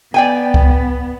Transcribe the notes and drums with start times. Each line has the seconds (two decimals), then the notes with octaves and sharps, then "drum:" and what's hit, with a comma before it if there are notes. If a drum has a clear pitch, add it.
0.14 B3 D5 G5 G#5
0.54 drum: kick C#2